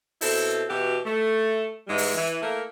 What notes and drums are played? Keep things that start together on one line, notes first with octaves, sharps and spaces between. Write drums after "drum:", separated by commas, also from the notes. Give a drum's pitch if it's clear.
B2 C4 E4 A4, drum: open hi-hat
B2 E3 F#4 G4
A3
G#2 E3 G3 G#3
drum: open hi-hat
E3
A3 A#3 E4 A#4